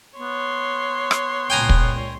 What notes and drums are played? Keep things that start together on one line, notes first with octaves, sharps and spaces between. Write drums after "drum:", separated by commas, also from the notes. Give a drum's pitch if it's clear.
B3 C#5 C6
drum: rim click
C#2 A#2 B3 G5 G#5 A#5
drum: kick